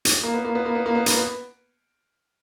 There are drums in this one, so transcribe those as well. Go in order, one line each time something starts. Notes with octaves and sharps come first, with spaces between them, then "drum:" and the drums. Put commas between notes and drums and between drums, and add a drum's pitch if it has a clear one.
drum: hi-hat
A#3
B3
A#3
B3
A#3
B3
A#3
B3
A#3, drum: hi-hat
B3